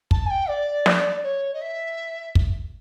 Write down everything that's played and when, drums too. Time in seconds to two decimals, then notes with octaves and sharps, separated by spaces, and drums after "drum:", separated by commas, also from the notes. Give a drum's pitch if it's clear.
0.11 A5, drum: kick
0.26 G#5
0.30 G5
0.48 D5
0.86 drum: snare
1.23 C#5
1.53 D#5
1.61 E5
2.35 drum: kick